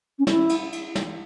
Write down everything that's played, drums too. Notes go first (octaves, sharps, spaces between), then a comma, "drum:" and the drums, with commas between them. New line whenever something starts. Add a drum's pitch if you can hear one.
C#4
E4, drum: snare
drum: cymbal
drum: cymbal
drum: snare